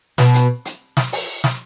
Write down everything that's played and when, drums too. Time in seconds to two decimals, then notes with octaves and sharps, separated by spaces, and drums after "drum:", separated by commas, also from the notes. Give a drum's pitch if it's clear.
0.18 B2, drum: snare
0.34 drum: hi-hat
0.65 drum: hi-hat
0.97 drum: snare
1.12 drum: open hi-hat
1.44 drum: snare